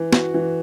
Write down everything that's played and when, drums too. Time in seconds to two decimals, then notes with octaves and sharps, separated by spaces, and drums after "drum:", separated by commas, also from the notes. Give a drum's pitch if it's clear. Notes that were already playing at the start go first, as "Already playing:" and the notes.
Already playing: E3
0.13 F#4, drum: snare
0.34 E3